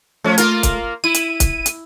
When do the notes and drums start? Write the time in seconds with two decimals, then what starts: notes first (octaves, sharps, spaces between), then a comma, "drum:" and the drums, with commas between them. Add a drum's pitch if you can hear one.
0.24 F3 A3 C#4
0.38 A#3 F4 A#4, drum: hi-hat
0.63 drum: kick, hi-hat
1.04 E4 D#7
1.14 drum: hi-hat
1.40 drum: kick, hi-hat
1.66 drum: hi-hat